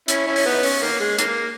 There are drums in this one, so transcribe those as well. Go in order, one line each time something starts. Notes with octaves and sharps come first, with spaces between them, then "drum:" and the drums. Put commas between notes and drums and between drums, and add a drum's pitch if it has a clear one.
C#4 E4, drum: hi-hat
C#4 E4
drum: open hi-hat
B3 D#4
C#4, drum: open hi-hat
D#3 A#3
G#3
D#3 A#3, drum: hi-hat